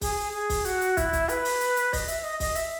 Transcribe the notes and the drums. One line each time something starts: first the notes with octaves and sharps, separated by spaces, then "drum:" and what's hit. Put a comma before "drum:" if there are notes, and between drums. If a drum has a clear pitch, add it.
G#4, drum: kick, open hi-hat
G#4
drum: kick, open hi-hat
F#4, drum: hi-hat
drum: hi-hat
E4, drum: kick, hi-hat
drum: kick, hi-hat
B4, drum: hi-hat
drum: open hi-hat
drum: hi-hat
drum: hi-hat
D#5, drum: kick, open hi-hat
E5, drum: hi-hat
D#5
D#5, drum: kick, open hi-hat
E5, drum: hi-hat